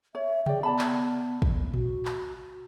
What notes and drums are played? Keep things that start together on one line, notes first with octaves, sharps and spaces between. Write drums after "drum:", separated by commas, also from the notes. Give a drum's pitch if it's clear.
C#5 E5
G#4 D5 G5, drum: tom C3
B3 D5 A5 B5
drum: clap
drum: kick
F#4, drum: tom A#2
drum: clap